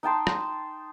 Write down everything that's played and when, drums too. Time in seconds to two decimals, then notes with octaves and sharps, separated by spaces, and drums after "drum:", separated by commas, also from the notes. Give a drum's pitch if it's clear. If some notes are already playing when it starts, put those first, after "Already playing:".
0.03 D#4 G5 A5 C6
0.27 drum: rim click